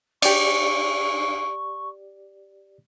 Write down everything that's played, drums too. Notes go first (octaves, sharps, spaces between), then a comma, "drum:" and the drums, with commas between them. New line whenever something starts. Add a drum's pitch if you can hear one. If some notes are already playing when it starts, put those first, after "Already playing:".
G4 D5 C#6, drum: cymbal